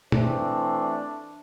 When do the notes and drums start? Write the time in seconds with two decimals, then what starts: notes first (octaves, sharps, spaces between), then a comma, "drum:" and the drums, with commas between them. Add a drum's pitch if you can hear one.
0.12 E3 A3 C4 D4, drum: tom